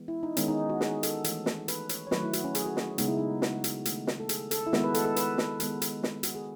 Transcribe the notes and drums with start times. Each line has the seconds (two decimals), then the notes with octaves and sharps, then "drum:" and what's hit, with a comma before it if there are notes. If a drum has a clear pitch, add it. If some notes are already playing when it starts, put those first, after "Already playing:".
Already playing: E3 G#3 B3
0.08 E4
0.23 D#4
0.37 D#3 G#3 B3 C#4, drum: hi-hat
0.48 D#4
0.69 F#4
0.81 G#4, drum: snare
1.03 A4, drum: hi-hat
1.24 E3 A3, drum: hi-hat
1.46 drum: snare
1.68 B4, drum: hi-hat
1.89 C#5, drum: hi-hat
2.07 C#5
2.11 D#3 F#3 A3 B4, drum: snare
2.22 E4
2.33 F#4, drum: hi-hat
2.44 C#4
2.55 G#4, drum: hi-hat
2.66 F#4
2.77 drum: snare
2.98 C#3 G#3 B3 D#4, drum: hi-hat
3.08 E4
3.18 D#4
3.42 F#4, drum: snare
3.64 drum: hi-hat
3.85 D#3 A3, drum: hi-hat
4.07 drum: snare
4.20 A4
4.29 G#4, drum: hi-hat
4.51 A4, drum: hi-hat
4.67 E4
4.73 D#3 G#3 B3 F#4, drum: snare
4.84 B4
4.94 A4, drum: hi-hat
5.05 A4
5.16 B4, drum: hi-hat
5.38 drum: snare
5.60 D#3 G#3 B3, drum: hi-hat
5.82 drum: hi-hat
6.03 drum: snare
6.23 F#4, drum: hi-hat
6.35 G#4